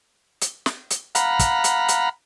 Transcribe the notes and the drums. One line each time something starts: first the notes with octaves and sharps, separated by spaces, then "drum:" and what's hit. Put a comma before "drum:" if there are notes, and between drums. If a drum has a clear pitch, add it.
drum: hi-hat
drum: snare
drum: hi-hat
F5 F#5 A#5 B5, drum: hi-hat
drum: kick, hi-hat
drum: hi-hat
drum: hi-hat